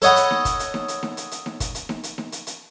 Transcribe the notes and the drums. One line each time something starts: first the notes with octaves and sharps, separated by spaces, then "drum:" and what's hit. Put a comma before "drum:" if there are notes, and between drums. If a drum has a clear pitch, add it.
A4 C#5 D#5 F#5 B5, drum: hi-hat
drum: hi-hat
drum: snare D#4
drum: kick, hi-hat
drum: hi-hat
drum: snare D#4
drum: hi-hat
drum: snare D#4
drum: hi-hat
drum: hi-hat
drum: snare D#4
drum: kick, hi-hat
drum: hi-hat
drum: snare D#4
drum: hi-hat
drum: snare D#4
drum: hi-hat
drum: hi-hat